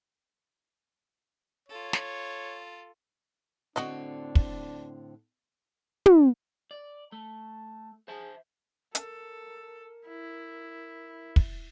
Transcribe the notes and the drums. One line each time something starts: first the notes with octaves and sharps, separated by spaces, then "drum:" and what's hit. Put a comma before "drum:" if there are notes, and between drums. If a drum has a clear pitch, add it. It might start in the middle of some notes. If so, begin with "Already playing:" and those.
F4 A4 C#5
drum: snare
A2 D3 C4 D4 F#4 D#5
drum: kick
drum: tom
D5
A3 A5
G#4 C5 E5 A5
A4 A#4, drum: hi-hat
E4
drum: kick